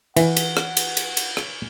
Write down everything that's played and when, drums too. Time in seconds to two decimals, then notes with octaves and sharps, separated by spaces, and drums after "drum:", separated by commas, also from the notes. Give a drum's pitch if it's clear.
0.17 E3 F#5, drum: cymbal
0.37 drum: cymbal
0.57 drum: rim click
0.77 drum: cymbal
0.97 drum: cymbal
1.17 drum: cymbal
1.37 drum: rim click